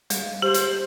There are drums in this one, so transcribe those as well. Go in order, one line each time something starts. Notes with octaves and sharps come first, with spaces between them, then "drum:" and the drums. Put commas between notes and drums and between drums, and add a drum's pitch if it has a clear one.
G3 G#3, drum: hi-hat
G4 C5
drum: hi-hat